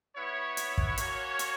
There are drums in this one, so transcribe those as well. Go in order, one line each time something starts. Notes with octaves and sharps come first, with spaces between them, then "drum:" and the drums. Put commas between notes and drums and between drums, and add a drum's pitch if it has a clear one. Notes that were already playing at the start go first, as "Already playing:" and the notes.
B3 E4 C#5
drum: hi-hat
drum: kick
A#3 C#4 F#4, drum: hi-hat
drum: hi-hat